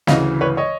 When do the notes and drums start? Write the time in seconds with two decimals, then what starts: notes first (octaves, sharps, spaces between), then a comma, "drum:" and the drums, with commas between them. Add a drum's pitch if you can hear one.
0.07 D2 C#3 E3 D#5 F5, drum: snare
0.41 B4 C#5
0.57 C#5 D#5